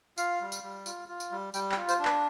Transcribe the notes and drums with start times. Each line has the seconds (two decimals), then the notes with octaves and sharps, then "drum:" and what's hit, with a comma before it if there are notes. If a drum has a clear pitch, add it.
0.18 F4 F5, drum: tambourine
0.41 G3
0.52 drum: tambourine
0.63 G3
0.86 F4, drum: tambourine
1.09 F4
1.20 drum: tambourine
1.32 G3
1.54 G3 G5, drum: tambourine
1.72 G5, drum: clap
1.77 F4
1.89 C5, drum: tambourine
1.99 D4
2.05 B4, drum: clap